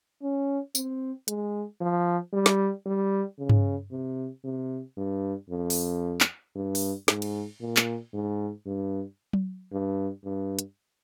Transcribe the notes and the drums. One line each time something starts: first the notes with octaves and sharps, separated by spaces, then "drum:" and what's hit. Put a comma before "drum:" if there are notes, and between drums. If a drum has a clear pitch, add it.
C#4
C4, drum: tambourine
G#3, drum: hi-hat
F3
G3
drum: snare
G3
C#3
drum: tom G2
C3
C3
G2
F2
drum: open hi-hat
drum: clap
G2
drum: open hi-hat
G#2, drum: snare
drum: cymbal
A#2
drum: clap
G#2
G2
drum: tom F#3
G2
G2
drum: hi-hat